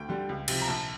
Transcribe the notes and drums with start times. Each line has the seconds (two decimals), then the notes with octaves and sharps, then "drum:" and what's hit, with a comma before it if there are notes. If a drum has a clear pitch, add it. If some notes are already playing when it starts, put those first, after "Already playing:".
Already playing: D2 G5
0.09 D3 G3
0.29 C#2
0.48 C3 F3, drum: cymbal
0.62 A#5
0.68 A#1 A5